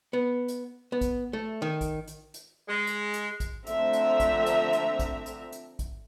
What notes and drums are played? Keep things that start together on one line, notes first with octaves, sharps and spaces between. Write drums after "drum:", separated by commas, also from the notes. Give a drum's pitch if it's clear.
B3
drum: hi-hat
B3
drum: kick A1, hi-hat
A3
D#3
drum: kick A1, hi-hat
drum: hi-hat
drum: hi-hat
G#3
drum: hi-hat
drum: hi-hat
drum: kick A1, hi-hat
D3 F3 A3 C4 E5 A#5, drum: hi-hat
drum: hi-hat
drum: kick A1, hi-hat
drum: hi-hat
drum: hi-hat
drum: kick A1, hi-hat
drum: hi-hat
drum: hi-hat
drum: kick A1, hi-hat